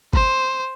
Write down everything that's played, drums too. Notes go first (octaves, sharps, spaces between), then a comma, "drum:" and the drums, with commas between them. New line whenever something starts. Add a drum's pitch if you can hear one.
C5, drum: kick G1